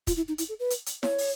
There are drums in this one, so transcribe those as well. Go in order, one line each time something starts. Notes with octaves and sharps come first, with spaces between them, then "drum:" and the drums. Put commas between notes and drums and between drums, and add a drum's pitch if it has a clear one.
F4, drum: kick, hi-hat
E4
D#4
E4, drum: hi-hat
A4
B4
drum: hi-hat
drum: hi-hat
C#5, drum: snare E4
drum: open hi-hat